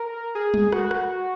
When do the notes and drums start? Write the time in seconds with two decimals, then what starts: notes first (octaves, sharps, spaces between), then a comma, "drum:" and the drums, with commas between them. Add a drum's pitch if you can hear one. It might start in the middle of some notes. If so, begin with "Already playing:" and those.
Already playing: A#4
0.35 G#4
0.54 drum: tom G3
0.72 F#4, drum: rim click
0.91 drum: rim click